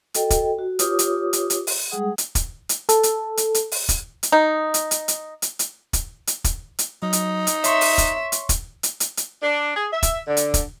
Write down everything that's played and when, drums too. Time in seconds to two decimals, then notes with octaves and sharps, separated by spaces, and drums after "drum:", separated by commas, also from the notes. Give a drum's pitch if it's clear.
0.14 F#4 A4 D#5 G5, drum: hi-hat
0.30 drum: kick, hi-hat
0.59 F#4
0.79 F4 G4 B4 C#5 D6 D#6, drum: hi-hat
0.99 drum: hi-hat
1.33 drum: hi-hat
1.50 drum: hi-hat
1.67 drum: open hi-hat
1.91 G3 G#3 G#4 F#5 D#6
2.18 drum: hi-hat
2.35 drum: kick, hi-hat
2.69 drum: hi-hat
2.89 A4, drum: hi-hat
3.03 drum: hi-hat
3.37 drum: hi-hat
3.54 drum: hi-hat
3.72 drum: open hi-hat
3.89 drum: kick, hi-hat
4.23 drum: hi-hat
4.32 D#4
4.74 drum: hi-hat
4.91 drum: hi-hat
5.08 drum: hi-hat
5.42 drum: hi-hat
5.59 drum: hi-hat
5.93 drum: kick, hi-hat
6.27 drum: hi-hat
6.44 drum: kick, hi-hat
6.79 drum: hi-hat
7.03 F#3 D#4
7.13 drum: hi-hat
7.47 drum: hi-hat
7.64 C#5 E5 C6 C#6, drum: hi-hat
7.81 drum: open hi-hat
7.98 drum: kick, hi-hat
8.32 drum: hi-hat
8.49 drum: kick, hi-hat
8.83 drum: hi-hat
9.00 drum: hi-hat
9.17 drum: hi-hat
9.42 D4
9.75 G#4
9.92 E5
10.03 drum: kick, hi-hat
10.27 D3
10.37 drum: hi-hat
10.54 drum: kick, hi-hat